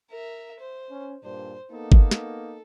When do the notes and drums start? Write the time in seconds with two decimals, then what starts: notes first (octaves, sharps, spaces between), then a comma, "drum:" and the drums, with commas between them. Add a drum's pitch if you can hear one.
0.10 A#4 E5
0.59 C5
0.90 C#4
1.24 G2 A#2 D4 C5
1.72 A#3 B3 D#4 A4
1.92 drum: kick G1
2.11 drum: snare